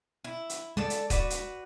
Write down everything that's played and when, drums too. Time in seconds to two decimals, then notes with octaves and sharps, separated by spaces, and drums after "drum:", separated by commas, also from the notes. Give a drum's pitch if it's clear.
0.24 E4
0.50 drum: hi-hat
0.77 G#3 A4 D5 A5
0.90 drum: hi-hat
1.10 F#4 B4 D5, drum: kick, hi-hat
1.30 drum: hi-hat